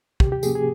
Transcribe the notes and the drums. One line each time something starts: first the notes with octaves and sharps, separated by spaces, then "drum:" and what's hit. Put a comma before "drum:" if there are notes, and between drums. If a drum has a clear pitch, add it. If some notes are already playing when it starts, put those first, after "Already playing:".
C3 G4, drum: kick
G4
F3 A#3 C#4 G#4, drum: tambourine
G#4